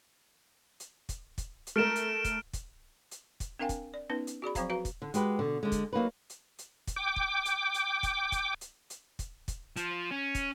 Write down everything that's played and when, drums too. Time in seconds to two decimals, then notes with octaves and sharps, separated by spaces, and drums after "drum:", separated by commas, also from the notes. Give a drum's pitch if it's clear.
0.80 drum: hi-hat
1.09 drum: kick, hi-hat
1.38 drum: kick, hi-hat
1.67 drum: hi-hat
1.76 A3 A#4 F6 D7 E7
1.96 drum: hi-hat
2.24 drum: kick, hi-hat
2.53 drum: kick, hi-hat
3.11 drum: hi-hat
3.40 drum: kick, hi-hat
3.59 C4 D4 A#4 F5 G5 G#5
3.69 drum: kick, hi-hat
3.94 D5
4.09 B3 C#4 D#4 B4
4.27 drum: hi-hat
4.42 F#4 G#4 D5 B5
4.55 F3 F#3 C4 C5 F5 A#5, drum: kick, hi-hat
4.70 F#4 B4 F5 A#5
4.85 drum: kick, hi-hat
5.02 D3
5.14 G#3 F#4 G4 B4, drum: hi-hat
5.39 B2 D3
5.63 D3 G#3
5.72 drum: kick, hi-hat
5.93 F#3 A#3 D#4 B4
6.30 drum: hi-hat
6.58 drum: hi-hat
6.87 drum: kick, hi-hat
6.96 G5 D6
7.16 drum: kick
7.45 drum: hi-hat
7.74 drum: hi-hat
8.03 drum: kick, hi-hat
8.32 drum: kick, hi-hat
8.61 drum: hi-hat
8.90 drum: hi-hat
9.19 drum: kick, hi-hat
9.48 drum: kick, hi-hat
9.76 F3, drum: hi-hat
10.11 C#4
10.35 drum: kick, hi-hat